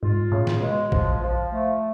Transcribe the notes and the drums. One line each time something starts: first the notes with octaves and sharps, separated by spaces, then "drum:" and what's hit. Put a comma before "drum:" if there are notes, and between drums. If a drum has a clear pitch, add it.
G#2 F4
A2 C#3
drum: snare
B2 G#3
F3, drum: kick A#1
F3
A3